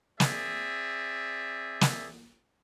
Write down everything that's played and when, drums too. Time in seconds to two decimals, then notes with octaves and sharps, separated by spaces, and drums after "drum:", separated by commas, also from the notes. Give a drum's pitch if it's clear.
0.20 C4 G#4 D5 E5, drum: snare
1.81 drum: snare